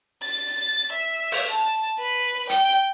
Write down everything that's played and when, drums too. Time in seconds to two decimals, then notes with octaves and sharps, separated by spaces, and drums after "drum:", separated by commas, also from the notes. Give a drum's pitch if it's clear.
0.23 A6
0.92 E5
1.32 drum: open hi-hat
1.50 A5
1.99 B4
2.49 G5, drum: hi-hat